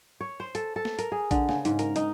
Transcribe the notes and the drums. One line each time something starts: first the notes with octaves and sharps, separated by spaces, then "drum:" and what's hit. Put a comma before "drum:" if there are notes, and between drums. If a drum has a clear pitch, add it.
C#5
C5
A4, drum: hi-hat
A4
drum: snare
A#4, drum: hi-hat
G#4
D3, drum: kick A#1, hi-hat
C#3, drum: snare
G#2, drum: hi-hat
A#4, drum: hi-hat
D#4, drum: hi-hat